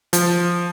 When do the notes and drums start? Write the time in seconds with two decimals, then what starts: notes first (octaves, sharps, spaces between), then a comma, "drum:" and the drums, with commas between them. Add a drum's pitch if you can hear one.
0.13 F3, drum: hi-hat